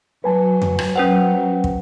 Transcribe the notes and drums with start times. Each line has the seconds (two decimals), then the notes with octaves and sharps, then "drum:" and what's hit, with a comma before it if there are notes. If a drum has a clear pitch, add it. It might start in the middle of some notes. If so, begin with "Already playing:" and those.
0.24 F#3 B4 G#5 A5
0.62 drum: tom F2
0.79 drum: rim click
0.96 F#3 C#4 B4 C5 F#5 G5
1.64 drum: kick